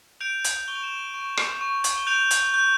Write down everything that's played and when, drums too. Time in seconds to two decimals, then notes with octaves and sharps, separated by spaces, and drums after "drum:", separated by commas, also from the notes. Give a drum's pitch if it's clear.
0.20 G6 D7 F7
0.44 drum: hi-hat
0.68 C#6 G7
0.76 F7
0.83 E7 G7
1.14 C#6
1.37 drum: rim click
1.61 C#6
1.84 drum: hi-hat
1.97 G7
2.07 G6 D7 F7
2.31 drum: hi-hat
2.54 G6